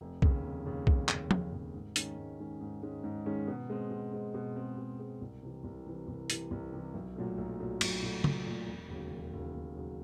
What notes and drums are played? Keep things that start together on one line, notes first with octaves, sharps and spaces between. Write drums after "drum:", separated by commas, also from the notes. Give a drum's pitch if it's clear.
F1
D#2 C#3, drum: kick
F1
D#2 C#3
F1, drum: kick
D#2 C#3, drum: clap
F1, drum: tom
D#2 C#3
G#2
D#3 G#3 C#4, drum: hi-hat
G#2
D#3 G#3 C#4
G#2
D#3 G#3 C#4
G#2
D#3 G#3 C#4
B2
G#3 C4
B2
G#3 C4
B2
G#3 C4
B2
G#3 C4
C2
C3 E3
C2
C3 E3
C2
C3 E3, drum: hi-hat
C2
C3 E3
B1
A#2 F#3 A3
B1
A#2 F#3 A3
B1, drum: cymbal
A#2 F#3 A3
B1, drum: tom
A#2 F#3 A3
E1
D#2 C#3 F#3
E1
D#2 C#3 F#3
E1
C#3 F#3